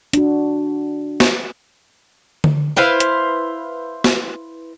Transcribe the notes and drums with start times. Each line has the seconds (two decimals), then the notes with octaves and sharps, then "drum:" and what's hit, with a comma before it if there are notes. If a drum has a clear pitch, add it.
0.13 D4 F#4, drum: hi-hat
1.20 drum: snare
2.44 drum: tom D3
2.77 E4 B4 C5 F5
3.00 drum: hi-hat
4.04 drum: snare